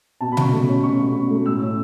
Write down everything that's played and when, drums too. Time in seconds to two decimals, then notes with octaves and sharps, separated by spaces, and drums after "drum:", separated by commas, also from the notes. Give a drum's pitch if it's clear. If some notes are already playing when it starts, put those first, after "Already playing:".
0.21 B2 A5
0.32 B5
0.37 B2 C#6, drum: tom B2
0.52 A3
0.68 C#4
0.83 B2 C#6
1.00 A3
1.15 B2
1.30 A3
1.46 A2 E6
1.62 C#4